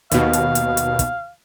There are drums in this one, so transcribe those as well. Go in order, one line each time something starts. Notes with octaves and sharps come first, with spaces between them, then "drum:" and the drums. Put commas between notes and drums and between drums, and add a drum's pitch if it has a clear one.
D#2 B2 F5, drum: hi-hat
drum: hi-hat
drum: hi-hat
drum: hi-hat
drum: kick, hi-hat